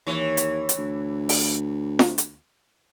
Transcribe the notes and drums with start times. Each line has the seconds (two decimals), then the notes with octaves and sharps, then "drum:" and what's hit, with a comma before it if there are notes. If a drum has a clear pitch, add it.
0.07 D#2 E3 C#5
0.37 drum: hi-hat
0.69 drum: hi-hat
0.78 D2
1.29 drum: open hi-hat
1.99 drum: snare
2.18 drum: hi-hat